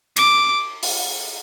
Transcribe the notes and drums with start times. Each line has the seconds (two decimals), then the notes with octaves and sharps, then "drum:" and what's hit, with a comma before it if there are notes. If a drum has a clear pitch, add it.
0.17 D6, drum: cymbal
0.83 drum: open hi-hat